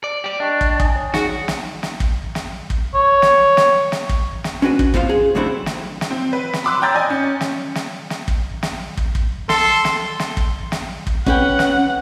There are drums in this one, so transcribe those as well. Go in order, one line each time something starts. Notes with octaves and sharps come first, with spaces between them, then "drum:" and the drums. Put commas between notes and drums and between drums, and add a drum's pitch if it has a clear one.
D5
G4 D5
D4 D#5 G5 C#6
drum: kick
G#5 D#6, drum: kick
C#5
D#4 F#4 G#4 F#5, drum: snare
drum: snare
drum: snare
drum: kick
drum: snare
drum: kick
C#5
drum: snare
drum: snare
drum: snare
drum: kick
drum: snare
C#4 D4 F#4 A#4 B4
drum: kick
C2 F2 B3 F4 C5 F5, drum: kick
G#4
C3 F#3 A3 C4 D4 E4
drum: snare
drum: snare
C4
B4
drum: snare
B5 C6 D6 E6 F#6
G5 A#5 E6 G6 A6
D5 D#5 G#5
C#4
drum: snare
drum: snare
drum: snare
drum: kick
drum: snare
drum: kick
drum: kick
A4 C6, drum: snare
drum: snare
drum: snare
drum: kick
drum: snare
drum: kick
C#4 B4 F#5 G5, drum: kick
drum: snare